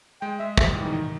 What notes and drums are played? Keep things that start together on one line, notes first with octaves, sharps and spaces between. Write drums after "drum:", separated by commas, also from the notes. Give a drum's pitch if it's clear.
G#3 G5
G#3 E5
G#3 E5, drum: kick
G3
E3
D#3 D#4
D#3